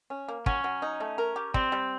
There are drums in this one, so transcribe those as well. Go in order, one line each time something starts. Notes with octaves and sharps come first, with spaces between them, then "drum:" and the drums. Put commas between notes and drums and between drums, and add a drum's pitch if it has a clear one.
C#4
A#3
F#3 C#4, drum: kick
F#3
D#4
A3
A#4
G4
G3 C4, drum: kick
G3